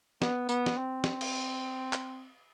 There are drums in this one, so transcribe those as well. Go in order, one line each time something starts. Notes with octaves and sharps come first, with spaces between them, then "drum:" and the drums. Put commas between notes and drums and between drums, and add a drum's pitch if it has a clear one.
B3, drum: snare
B3, drum: tambourine
drum: snare
C4
drum: snare
drum: cymbal
drum: clap